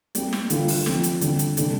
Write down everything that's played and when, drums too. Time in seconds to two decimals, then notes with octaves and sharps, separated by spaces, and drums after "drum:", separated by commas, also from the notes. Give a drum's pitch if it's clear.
0.15 G3 C4 G4, drum: hi-hat
0.33 drum: snare
0.50 D3 G3 F4 A4, drum: hi-hat
0.68 drum: open hi-hat
0.86 F3 C4 A4, drum: snare
1.03 drum: hi-hat
1.21 D3 G3 C4 A4, drum: hi-hat
1.39 drum: hi-hat
1.57 C3 G3 D4 A4, drum: hi-hat